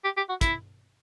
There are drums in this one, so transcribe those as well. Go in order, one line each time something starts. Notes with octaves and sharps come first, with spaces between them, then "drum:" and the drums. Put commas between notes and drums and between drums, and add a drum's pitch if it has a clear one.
G4
G4
F#4
E4, drum: kick, hi-hat